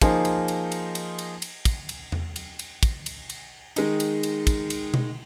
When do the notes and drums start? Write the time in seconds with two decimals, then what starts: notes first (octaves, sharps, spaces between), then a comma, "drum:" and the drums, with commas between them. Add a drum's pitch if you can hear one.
0.01 F3 A#3 D#4 G#4 C5, drum: kick, cymbal
0.25 drum: cymbal
0.48 drum: cymbal
0.72 drum: cymbal
0.95 drum: cymbal
1.19 drum: cymbal
1.42 drum: cymbal
1.65 drum: kick, cymbal
1.89 drum: cymbal
2.12 drum: tom E2
2.36 drum: cymbal
2.59 drum: cymbal
2.83 drum: kick, cymbal
3.06 drum: cymbal
3.30 drum: cymbal
3.76 D#3 G#3 D#4, drum: cymbal
4.00 drum: cymbal
4.23 drum: cymbal
4.47 drum: kick, cymbal
4.70 drum: cymbal
4.94 drum: tom B2